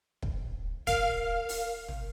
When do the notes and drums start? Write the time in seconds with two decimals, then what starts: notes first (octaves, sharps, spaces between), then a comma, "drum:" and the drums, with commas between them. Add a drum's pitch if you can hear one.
0.23 drum: kick
0.87 A#4 F5, drum: kick
1.49 drum: open hi-hat
1.88 drum: tom